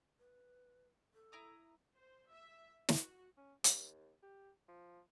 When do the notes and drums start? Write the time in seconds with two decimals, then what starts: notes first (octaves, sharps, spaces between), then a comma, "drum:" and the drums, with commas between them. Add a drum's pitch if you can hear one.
0.19 B4
1.14 A4
1.32 E4 A#5 D#6
1.94 C5
2.28 E5
2.89 F#4, drum: snare
3.37 C#4
3.64 D#2, drum: hi-hat
4.23 G4
4.68 F3